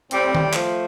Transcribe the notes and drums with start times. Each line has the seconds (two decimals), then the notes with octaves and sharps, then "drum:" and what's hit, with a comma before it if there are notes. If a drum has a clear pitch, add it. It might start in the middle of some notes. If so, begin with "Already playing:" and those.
0.11 A2 G3 C4, drum: hi-hat
0.35 drum: tom D#3
0.54 F3 A3, drum: clap